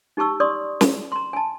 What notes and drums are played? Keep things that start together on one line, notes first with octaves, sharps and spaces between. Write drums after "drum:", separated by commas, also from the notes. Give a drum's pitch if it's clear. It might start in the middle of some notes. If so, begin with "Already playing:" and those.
D#4 G4 A5 C#6 E6
D5 C6 C#6 D#6
drum: snare
A#5 C6
G#5 A5